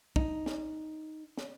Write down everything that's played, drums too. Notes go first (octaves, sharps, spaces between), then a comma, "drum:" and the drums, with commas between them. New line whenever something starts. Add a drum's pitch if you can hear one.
D#4, drum: kick
drum: snare
drum: snare